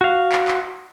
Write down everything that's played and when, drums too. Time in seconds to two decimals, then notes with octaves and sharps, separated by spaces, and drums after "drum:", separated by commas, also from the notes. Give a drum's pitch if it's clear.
0.01 F#4 F5
0.32 drum: clap
0.48 drum: clap